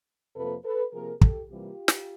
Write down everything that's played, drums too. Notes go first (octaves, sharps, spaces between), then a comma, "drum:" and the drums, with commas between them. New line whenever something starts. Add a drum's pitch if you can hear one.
F2 C3 F3 A#3 A4 B4
A4 B4
C3 F3 A#3 G#4 A#4
G4 A4, drum: kick
C3 E3 G3 A#3 F4 G4
drum: snare